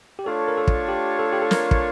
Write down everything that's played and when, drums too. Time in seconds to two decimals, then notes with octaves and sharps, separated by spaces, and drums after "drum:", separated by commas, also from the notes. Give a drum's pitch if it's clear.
0.19 G4
0.25 A3 D4 F4 A4 C#5
0.48 A#4
0.57 A4
0.68 drum: kick
0.89 G4
1.19 A4
1.33 G4
1.42 A4
1.51 A#4, drum: snare
1.71 drum: kick